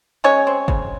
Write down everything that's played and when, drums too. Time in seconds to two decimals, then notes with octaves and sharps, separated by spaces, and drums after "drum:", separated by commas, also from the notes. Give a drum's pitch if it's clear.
0.24 G#3 C#4 C#5
0.47 C4
0.68 C#3, drum: kick G1